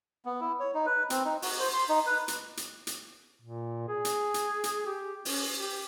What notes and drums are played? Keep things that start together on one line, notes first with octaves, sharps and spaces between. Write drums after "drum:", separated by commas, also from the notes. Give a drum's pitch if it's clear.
B3
E4
C#5
D#4
B4
C4, drum: hi-hat
D#4
F#4, drum: open hi-hat
C5
C6
D#4
B4
drum: hi-hat
drum: hi-hat
drum: hi-hat
A#2
G#4
drum: hi-hat
drum: hi-hat
drum: hi-hat
G4
C#4, drum: open hi-hat
G4